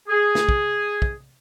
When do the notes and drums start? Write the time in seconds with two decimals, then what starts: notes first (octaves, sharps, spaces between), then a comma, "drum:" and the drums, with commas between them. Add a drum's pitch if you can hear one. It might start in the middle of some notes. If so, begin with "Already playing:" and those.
0.09 G#4
0.35 drum: snare
0.49 drum: kick
1.02 drum: kick